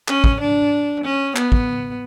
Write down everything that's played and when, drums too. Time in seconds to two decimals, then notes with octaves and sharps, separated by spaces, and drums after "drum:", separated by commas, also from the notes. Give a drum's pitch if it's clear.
0.08 C#4, drum: clap
0.24 drum: kick
0.40 D4
1.04 C#4
1.36 B3, drum: clap
1.52 drum: kick